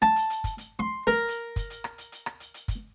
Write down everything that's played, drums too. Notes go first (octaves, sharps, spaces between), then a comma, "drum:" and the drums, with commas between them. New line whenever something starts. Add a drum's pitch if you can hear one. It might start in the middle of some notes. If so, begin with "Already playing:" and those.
A5, drum: rim click
drum: hi-hat
drum: hi-hat
drum: kick, hi-hat
drum: hi-hat
C6
A#4
drum: hi-hat
drum: kick, hi-hat
drum: hi-hat
drum: rim click
drum: hi-hat
drum: hi-hat
drum: rim click
drum: hi-hat
drum: hi-hat
drum: kick, hi-hat